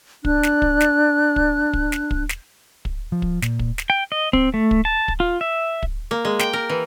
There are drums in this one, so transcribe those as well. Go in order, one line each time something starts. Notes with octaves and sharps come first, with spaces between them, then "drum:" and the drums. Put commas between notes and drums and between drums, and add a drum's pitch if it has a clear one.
D4 F#6, drum: kick
drum: snare
drum: kick
drum: snare
drum: kick
drum: kick
drum: snare
drum: kick
drum: snare
drum: kick
F3
drum: kick
A#2, drum: snare
drum: kick
drum: snare
G5
D#5
C4, drum: kick
A3
drum: kick
A5
drum: kick
F4
E5
drum: kick
A#3
G#3
G5, drum: snare
A#4
E3